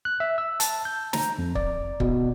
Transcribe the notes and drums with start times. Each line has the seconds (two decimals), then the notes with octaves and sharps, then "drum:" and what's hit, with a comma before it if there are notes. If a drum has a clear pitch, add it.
0.05 F#6
0.20 E5
0.38 E6
0.60 A5, drum: hi-hat
0.85 G6
1.13 A#5, drum: snare
1.38 F2
1.55 D5, drum: kick
2.00 B2, drum: kick